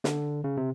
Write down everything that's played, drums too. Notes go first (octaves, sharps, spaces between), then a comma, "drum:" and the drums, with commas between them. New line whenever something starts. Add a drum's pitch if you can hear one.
D3, drum: snare
C#3
C3